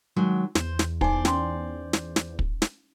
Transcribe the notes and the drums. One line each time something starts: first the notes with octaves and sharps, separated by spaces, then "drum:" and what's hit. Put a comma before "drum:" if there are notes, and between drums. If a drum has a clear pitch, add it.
D#3 F#3 G#3
E2 C5, drum: snare
drum: snare
D#4 C5 D5 G#5, drum: kick
C#4 C6, drum: snare
drum: snare
drum: snare
drum: kick
drum: snare